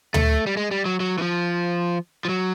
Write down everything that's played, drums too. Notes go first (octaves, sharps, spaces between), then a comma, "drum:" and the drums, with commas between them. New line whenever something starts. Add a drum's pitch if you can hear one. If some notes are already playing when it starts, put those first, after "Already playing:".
A3, drum: tom D2
G3
G#3
G3
F#3
F#3
E3
F3
F3
F#3